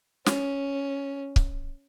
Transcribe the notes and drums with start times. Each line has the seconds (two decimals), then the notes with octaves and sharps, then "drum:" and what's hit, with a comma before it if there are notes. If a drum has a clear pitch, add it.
0.26 C#4, drum: snare
1.36 drum: kick C#1